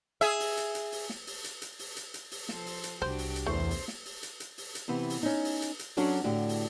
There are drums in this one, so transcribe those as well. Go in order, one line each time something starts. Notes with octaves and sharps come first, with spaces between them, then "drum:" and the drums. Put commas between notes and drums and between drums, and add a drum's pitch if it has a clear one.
G#4 E5, drum: hi-hat
drum: open hi-hat
drum: hi-hat
drum: hi-hat
drum: open hi-hat
drum: snare
drum: open hi-hat
drum: hi-hat
drum: hi-hat
drum: open hi-hat
drum: hi-hat
drum: hi-hat
drum: open hi-hat
F3 A4 C5, drum: snare
drum: open hi-hat
drum: hi-hat
C2 D4 F#4 G4 C5
drum: open hi-hat
drum: hi-hat
E2 A3 C5
drum: open hi-hat
drum: snare
drum: open hi-hat
drum: hi-hat
drum: hi-hat
drum: open hi-hat
drum: hi-hat
C3 E3 B3
drum: open hi-hat
C#4 D#4
drum: open hi-hat
drum: hi-hat
drum: hi-hat
F#3 C#4 D4 F#4 A4 D5, drum: open hi-hat
A2 D3 F#4 G4
drum: open hi-hat